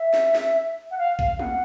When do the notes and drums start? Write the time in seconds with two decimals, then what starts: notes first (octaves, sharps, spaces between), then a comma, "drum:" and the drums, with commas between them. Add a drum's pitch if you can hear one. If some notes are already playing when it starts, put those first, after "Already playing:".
Already playing: E5
0.13 drum: snare
0.35 drum: snare
0.91 F#5
0.98 F5
1.19 F5, drum: kick A#1
1.39 F#5, drum: tom